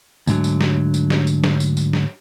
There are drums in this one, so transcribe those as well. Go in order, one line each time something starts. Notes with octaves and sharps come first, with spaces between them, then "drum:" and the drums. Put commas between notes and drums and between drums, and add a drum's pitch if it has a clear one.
D2 G#2 D3 F#3, drum: tambourine
drum: tambourine
drum: snare
drum: tambourine
drum: snare
drum: tambourine
drum: snare
drum: tambourine
drum: tambourine
drum: snare